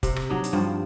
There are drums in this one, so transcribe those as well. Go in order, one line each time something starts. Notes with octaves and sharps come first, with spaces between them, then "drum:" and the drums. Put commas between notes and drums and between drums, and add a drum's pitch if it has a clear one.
C3, drum: kick F1, hi-hat
drum: rim click
F#3 D4 D#4
drum: hi-hat
G2 F3 C4